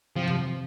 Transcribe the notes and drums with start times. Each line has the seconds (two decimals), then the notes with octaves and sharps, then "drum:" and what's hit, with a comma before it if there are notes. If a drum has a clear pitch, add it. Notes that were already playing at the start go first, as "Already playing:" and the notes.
0.16 C3 F3 C4
0.28 drum: tom F2